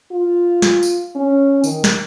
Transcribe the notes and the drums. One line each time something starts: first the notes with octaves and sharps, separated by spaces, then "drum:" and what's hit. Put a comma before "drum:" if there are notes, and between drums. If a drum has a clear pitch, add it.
F4
drum: snare
drum: tambourine
C#4
D#3, drum: tambourine
drum: snare